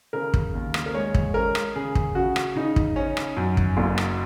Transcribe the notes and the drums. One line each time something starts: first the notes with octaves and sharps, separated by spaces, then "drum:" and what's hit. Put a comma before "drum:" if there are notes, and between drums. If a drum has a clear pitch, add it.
C#3 A#4
drum: kick
D#2
drum: rim click
A#4
G#3 C#5
drum: kick
C#4 A#4
drum: rim click
C#3 G#4
drum: kick
C#3 F#4
drum: rim click
C#3 D#4
drum: kick
C#4
drum: rim click
F#2
drum: kick
F#1
drum: rim click